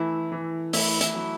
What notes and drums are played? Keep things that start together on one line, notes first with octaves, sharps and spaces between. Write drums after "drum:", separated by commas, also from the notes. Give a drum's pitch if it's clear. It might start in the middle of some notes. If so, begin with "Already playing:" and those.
Already playing: E3 A3 E4
E3
A3 E4, drum: open hi-hat
E4, drum: hi-hat
F#3